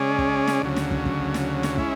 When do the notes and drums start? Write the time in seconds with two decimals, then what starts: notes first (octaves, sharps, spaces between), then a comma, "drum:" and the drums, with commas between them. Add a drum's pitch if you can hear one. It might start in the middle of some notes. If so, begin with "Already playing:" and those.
Already playing: C#3 G#3 C#4 G#4 D5
0.18 drum: kick
0.47 drum: snare
0.62 D2 C#3 F#3
0.76 drum: snare
0.91 drum: kick
1.05 drum: kick
1.34 drum: snare
1.63 drum: snare
1.78 G#3 C#4 E4, drum: kick